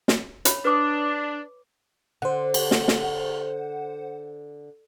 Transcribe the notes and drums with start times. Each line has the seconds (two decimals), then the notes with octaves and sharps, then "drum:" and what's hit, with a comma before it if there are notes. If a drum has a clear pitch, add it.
0.08 drum: snare
0.45 C#5 B5, drum: hi-hat
0.65 D4 B4 D6 D#6
2.22 D3 C5 F#5
2.54 drum: cymbal
2.71 drum: snare
2.88 drum: snare